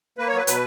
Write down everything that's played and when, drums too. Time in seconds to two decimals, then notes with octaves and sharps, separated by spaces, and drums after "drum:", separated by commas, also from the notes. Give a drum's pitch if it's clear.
0.18 A#3 B4
0.28 C#5
0.33 F#3 B4
0.47 B2 B4, drum: hi-hat